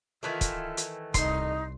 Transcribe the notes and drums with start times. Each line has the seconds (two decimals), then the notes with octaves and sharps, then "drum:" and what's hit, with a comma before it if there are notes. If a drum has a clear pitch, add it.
0.23 D#3 E3 A3 F4
0.41 drum: kick, hi-hat
0.77 drum: hi-hat
1.14 C2 D#4 C6, drum: kick, hi-hat